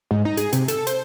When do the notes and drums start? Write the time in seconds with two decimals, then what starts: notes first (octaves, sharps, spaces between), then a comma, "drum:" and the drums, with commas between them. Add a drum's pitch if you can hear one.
0.11 G#2
0.25 D#4
0.37 G#4, drum: hi-hat
0.53 C3, drum: hi-hat
0.68 A4, drum: hi-hat
0.87 C5, drum: hi-hat